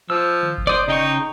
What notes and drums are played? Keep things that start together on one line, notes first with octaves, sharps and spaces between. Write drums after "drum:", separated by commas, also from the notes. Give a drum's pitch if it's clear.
F3 E6
drum: tom D3
drum: kick F#1
C5 D5 D#6
C#3 D#4 G5 C#6